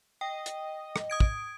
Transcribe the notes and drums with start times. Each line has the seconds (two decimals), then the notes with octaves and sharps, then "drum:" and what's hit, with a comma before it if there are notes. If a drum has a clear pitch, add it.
0.21 D#5 G5
0.46 drum: hi-hat
0.96 drum: rim click
1.10 D#6 G#6 D7
1.20 drum: kick